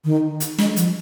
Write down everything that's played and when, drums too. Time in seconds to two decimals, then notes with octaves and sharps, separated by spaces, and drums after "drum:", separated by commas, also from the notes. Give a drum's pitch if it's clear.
0.05 D#3
0.40 drum: hi-hat
0.58 G#3, drum: snare
0.76 F3, drum: hi-hat